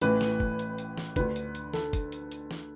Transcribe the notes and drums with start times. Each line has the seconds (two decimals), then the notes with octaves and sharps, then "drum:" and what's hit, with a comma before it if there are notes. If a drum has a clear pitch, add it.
0.01 A1 A2 E3 B4, drum: hi-hat
0.21 drum: snare
0.40 drum: kick
0.59 drum: hi-hat
0.78 drum: hi-hat
0.98 drum: snare
1.16 D2 D3 B4, drum: kick, hi-hat
1.36 drum: hi-hat
1.55 drum: hi-hat
1.73 A4, drum: snare
1.93 drum: kick, hi-hat
2.12 drum: hi-hat
2.32 drum: hi-hat
2.51 drum: snare